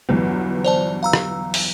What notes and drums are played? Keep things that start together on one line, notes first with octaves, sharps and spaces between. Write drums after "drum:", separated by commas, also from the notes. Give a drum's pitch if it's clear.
G1 E2 F#3 B3
C5 D5 A5
F5 A#5 E6
drum: rim click
drum: open hi-hat